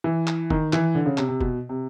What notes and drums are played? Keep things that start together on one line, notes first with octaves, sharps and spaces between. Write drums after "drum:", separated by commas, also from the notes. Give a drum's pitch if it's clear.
E3
drum: clap
D#3, drum: kick F#1
E3, drum: clap
D3
C#3
C3, drum: clap
C3
B2, drum: kick F#1
C3